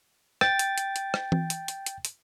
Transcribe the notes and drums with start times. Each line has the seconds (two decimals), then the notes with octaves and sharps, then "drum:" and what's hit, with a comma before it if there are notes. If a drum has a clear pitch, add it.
0.41 G5 A6, drum: rim click
0.59 drum: hi-hat
0.78 drum: hi-hat
0.96 drum: hi-hat
1.14 drum: rim click
1.32 drum: tom E3
1.50 drum: hi-hat
1.68 drum: hi-hat
1.86 drum: hi-hat
2.05 drum: hi-hat